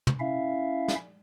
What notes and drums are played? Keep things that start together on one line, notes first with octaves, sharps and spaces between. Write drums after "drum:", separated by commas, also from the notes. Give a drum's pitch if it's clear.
drum: tom
C#4 E4 E5 F5
drum: snare